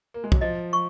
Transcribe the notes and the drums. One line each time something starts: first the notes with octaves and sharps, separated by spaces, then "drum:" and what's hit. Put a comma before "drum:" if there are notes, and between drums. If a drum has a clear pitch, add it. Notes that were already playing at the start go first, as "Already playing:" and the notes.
A#3
G#3
F#3, drum: kick
F3 D#5
C#6